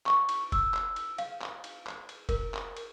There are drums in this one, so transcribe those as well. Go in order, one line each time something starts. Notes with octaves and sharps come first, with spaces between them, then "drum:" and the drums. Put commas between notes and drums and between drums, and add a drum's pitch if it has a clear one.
C#6, drum: clap
drum: cymbal
E6, drum: kick F1, cymbal
drum: clap
drum: cymbal
F5, drum: cymbal
drum: clap
drum: cymbal
drum: clap
drum: cymbal
A#4, drum: kick F1, cymbal
drum: clap
drum: cymbal